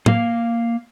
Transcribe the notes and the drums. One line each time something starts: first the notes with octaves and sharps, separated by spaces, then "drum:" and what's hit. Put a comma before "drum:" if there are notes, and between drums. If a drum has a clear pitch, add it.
A#3 F5, drum: tom